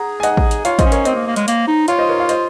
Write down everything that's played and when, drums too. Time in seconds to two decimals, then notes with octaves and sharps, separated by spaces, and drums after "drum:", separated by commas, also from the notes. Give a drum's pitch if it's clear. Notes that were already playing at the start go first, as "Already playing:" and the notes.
Already playing: G#4 F#5 A#5
0.20 G#5
0.23 D#5 F#5, drum: hi-hat
0.37 drum: kick A1
0.51 drum: hi-hat
0.65 F4 C#5 F5, drum: hi-hat
0.79 C5 D#5, drum: kick A1, hi-hat
0.85 C#4
0.92 A#4 C#5, drum: hi-hat
1.05 C4 C5 D#5, drum: hi-hat
1.16 A#3
1.26 A#3
1.36 G#3, drum: hi-hat
1.48 A#3, drum: hi-hat
1.68 D#4
1.88 F4 C#5 F5, drum: hi-hat
1.98 C5 D#5
2.09 A#4 C#5
2.19 C#5 F5
2.29 C5 D#5, drum: hi-hat